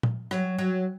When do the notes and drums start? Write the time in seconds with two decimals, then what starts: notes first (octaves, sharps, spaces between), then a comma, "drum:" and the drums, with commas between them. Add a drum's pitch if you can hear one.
0.03 drum: tom A#2
0.31 F#3, drum: rim click
0.59 F#3